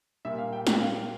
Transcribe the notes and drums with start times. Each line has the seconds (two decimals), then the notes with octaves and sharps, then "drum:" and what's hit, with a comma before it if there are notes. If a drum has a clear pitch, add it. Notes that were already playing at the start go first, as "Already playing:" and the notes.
0.25 A#2 G3 A#3 E5
0.38 F5
0.53 G5
0.67 G5, drum: snare
0.80 F5